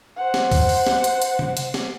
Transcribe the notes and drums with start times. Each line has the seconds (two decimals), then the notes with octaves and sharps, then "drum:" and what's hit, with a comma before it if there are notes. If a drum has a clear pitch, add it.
0.16 C5 F#5
0.34 drum: snare
0.52 drum: kick, open hi-hat
0.69 drum: open hi-hat
0.87 drum: snare
1.04 drum: hi-hat
1.22 drum: hi-hat
1.39 drum: tom C3
1.57 drum: hi-hat
1.74 drum: snare